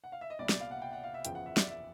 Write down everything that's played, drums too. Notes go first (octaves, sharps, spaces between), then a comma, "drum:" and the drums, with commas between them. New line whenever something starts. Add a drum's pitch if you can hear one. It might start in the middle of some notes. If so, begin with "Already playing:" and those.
F#5
F5
E5
D#5
C2 A#2 G3 B3 D5
D5, drum: snare
F5
F#5
G5
F#5
F5
E5
F#1 E2 C#3 F3 G5, drum: hi-hat
F#5
E5
D5, drum: snare
E5